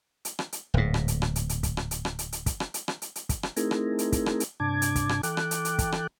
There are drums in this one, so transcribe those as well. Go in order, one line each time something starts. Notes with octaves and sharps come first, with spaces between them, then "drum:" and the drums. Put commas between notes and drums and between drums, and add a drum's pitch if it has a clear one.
drum: hi-hat
drum: rim click
drum: hi-hat
D1 G#2
drum: rim click
drum: hi-hat
drum: rim click
drum: hi-hat
drum: hi-hat
drum: kick, hi-hat
drum: rim click
drum: hi-hat
drum: rim click
drum: hi-hat
drum: hi-hat
drum: kick, hi-hat
drum: rim click
drum: hi-hat
drum: rim click
drum: hi-hat
drum: hi-hat
drum: kick, hi-hat
drum: rim click
A3 C4 D#4 E4 G#4 A#4, drum: hi-hat
drum: rim click
drum: hi-hat
drum: kick, hi-hat
drum: rim click
drum: hi-hat
G2 C3 D4 A5 D6 G#6
drum: hi-hat
drum: kick, hi-hat
drum: rim click
E3 A4 G5 D6 F#6, drum: hi-hat
drum: rim click
drum: hi-hat
drum: hi-hat
drum: kick, hi-hat
drum: rim click